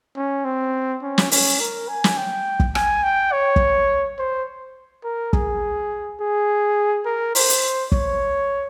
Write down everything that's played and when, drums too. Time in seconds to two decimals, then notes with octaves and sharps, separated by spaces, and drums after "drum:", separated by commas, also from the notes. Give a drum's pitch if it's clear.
0.16 C#4
0.45 C4
1.03 C#4
1.18 drum: snare
1.31 C#4, drum: open hi-hat
1.60 A#4
1.88 G#5
2.04 drum: snare
2.17 G5
2.60 drum: kick
2.75 G#5, drum: rim click
3.03 G5
3.32 C#5
3.56 drum: kick
4.18 C5
5.04 A#4
5.33 G#4, drum: kick
6.20 G#4
7.05 A#4
7.35 C5, drum: open hi-hat
7.49 drum: hi-hat
7.92 C#5, drum: kick